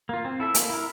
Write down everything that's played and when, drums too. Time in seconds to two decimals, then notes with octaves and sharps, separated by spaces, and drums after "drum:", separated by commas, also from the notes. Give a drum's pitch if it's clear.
0.09 A#3 F4
0.25 C4
0.40 E4 A4 E5
0.55 A#3, drum: hi-hat
0.70 E4 A#4